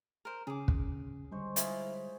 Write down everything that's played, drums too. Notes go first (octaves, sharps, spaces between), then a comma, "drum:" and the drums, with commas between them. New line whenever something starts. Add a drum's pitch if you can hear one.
A#4 C5
C#3 C#4 G#4 D6
drum: kick
D3 G3 G#3 C5 C#5
E4 F4 G#4, drum: hi-hat